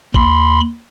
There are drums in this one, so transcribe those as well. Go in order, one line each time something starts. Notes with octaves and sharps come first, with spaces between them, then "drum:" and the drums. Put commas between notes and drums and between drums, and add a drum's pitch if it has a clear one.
D#2 B5 C6, drum: kick